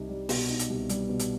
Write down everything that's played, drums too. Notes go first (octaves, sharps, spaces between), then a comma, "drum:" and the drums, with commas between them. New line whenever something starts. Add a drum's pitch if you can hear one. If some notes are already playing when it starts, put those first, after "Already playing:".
Already playing: C2 D#4
G3
B2, drum: open hi-hat
D#4
drum: hi-hat
C2
G3, drum: hi-hat
B2
drum: hi-hat